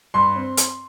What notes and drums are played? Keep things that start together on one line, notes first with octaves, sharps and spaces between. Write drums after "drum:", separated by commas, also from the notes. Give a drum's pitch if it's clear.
G2 C6
C4
drum: hi-hat